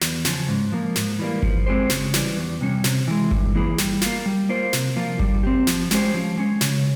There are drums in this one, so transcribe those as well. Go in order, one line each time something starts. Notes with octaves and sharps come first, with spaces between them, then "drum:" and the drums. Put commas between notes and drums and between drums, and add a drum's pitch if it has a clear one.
E2, drum: snare
C#3 F3, drum: snare
G#2
F3 A#3
G#2, drum: snare
E3 G3 A#3
F3, drum: kick G1
G#3 C4 G4 C5
C#3, drum: snare
E3 G3, drum: snare
E2
C3 G3 C#4
C3, drum: snare
E3 G#3
G2, drum: kick G1
E3 A#3 E4 G#4
G3, drum: snare
A#3 F4, drum: snare
G3
A#3 F4 C5
C3, drum: snare
F3 A#3 F4
G3, drum: kick G1
C4 G4
F3, drum: snare
G#3 C#4 G4 C5, drum: snare
F3
G#3 C#4
C#3, drum: snare